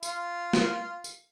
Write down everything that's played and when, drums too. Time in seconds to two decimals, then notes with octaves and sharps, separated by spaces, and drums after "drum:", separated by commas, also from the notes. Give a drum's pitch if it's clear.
0.03 F4, drum: tambourine
0.53 drum: snare
1.04 drum: tambourine